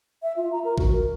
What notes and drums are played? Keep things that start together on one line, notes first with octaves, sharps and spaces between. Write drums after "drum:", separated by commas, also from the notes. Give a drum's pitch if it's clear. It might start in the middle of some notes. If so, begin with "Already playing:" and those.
E5
F4
A#5
A#4
F#4, drum: kick A1
A#4